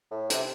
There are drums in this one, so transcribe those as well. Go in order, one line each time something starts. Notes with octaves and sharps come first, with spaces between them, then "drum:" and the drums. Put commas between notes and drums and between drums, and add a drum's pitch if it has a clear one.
A2
C3, drum: hi-hat